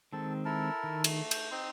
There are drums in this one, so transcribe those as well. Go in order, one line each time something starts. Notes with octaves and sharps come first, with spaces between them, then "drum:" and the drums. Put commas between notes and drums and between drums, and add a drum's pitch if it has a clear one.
D#3 G#3 C4 A4
E4 A4 A#4
D#3
A3, drum: cymbal
G6, drum: cymbal
C4 D#4 C6